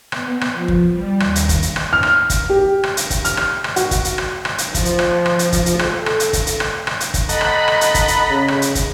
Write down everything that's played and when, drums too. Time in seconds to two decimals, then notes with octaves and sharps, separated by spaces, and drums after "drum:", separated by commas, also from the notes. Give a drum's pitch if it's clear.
0.12 B3, drum: rim click
0.41 drum: rim click
0.52 F3
0.68 drum: kick
0.89 G3
1.20 D#2, drum: rim click
1.36 drum: hi-hat
1.49 drum: kick, hi-hat
1.62 drum: hi-hat
1.76 drum: rim click
1.93 F6
2.03 drum: rim click
2.30 drum: kick, hi-hat
2.50 G4
2.83 drum: rim click
2.97 drum: hi-hat
3.10 drum: kick, hi-hat
3.25 F6, drum: hi-hat
3.37 drum: rim click
3.64 drum: rim click
3.76 F#4, drum: hi-hat
3.91 drum: kick, hi-hat
4.04 drum: hi-hat
4.18 drum: rim click
4.45 drum: rim click
4.58 drum: hi-hat
4.74 F3, drum: kick, hi-hat
4.85 drum: hi-hat
4.99 drum: rim click
5.26 drum: rim click
5.39 drum: hi-hat
5.52 drum: kick, hi-hat
5.66 drum: hi-hat
5.79 A4, drum: rim click
6.06 drum: rim click
6.20 drum: hi-hat
6.33 drum: kick, hi-hat
6.47 drum: hi-hat
6.60 drum: rim click
6.87 drum: rim click
7.00 drum: hi-hat
7.14 drum: kick, hi-hat
7.29 A4 D#5 F#5 A#5 B5, drum: hi-hat
7.41 drum: rim click
7.68 drum: rim click
7.81 drum: hi-hat
7.94 drum: kick, hi-hat
8.08 drum: hi-hat
8.30 C#3
8.48 drum: rim click
8.62 drum: hi-hat
8.75 drum: kick, hi-hat